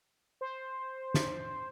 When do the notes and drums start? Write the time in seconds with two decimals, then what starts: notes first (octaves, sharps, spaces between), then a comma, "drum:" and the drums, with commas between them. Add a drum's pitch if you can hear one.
0.41 C5
1.14 drum: snare